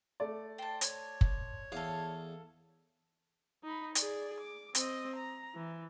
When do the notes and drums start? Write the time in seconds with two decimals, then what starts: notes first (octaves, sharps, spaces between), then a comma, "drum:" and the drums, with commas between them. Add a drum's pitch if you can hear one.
0.20 A3 D5
0.58 C5 G5 A5
0.81 C#5, drum: hi-hat
1.21 drum: kick
1.72 E2 G#4 A4 F5
3.64 D#4 B5
3.95 G#4 D5, drum: hi-hat
4.41 D6
4.75 C4 D#5, drum: hi-hat
5.17 A#5
5.55 E3